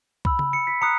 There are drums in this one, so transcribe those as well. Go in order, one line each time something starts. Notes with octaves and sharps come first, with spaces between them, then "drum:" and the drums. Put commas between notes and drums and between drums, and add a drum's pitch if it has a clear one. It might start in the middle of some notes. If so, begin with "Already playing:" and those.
B5 E6, drum: kick C2
drum: tom C#3
C#7
B6
A#5 D#6 F#6 C#7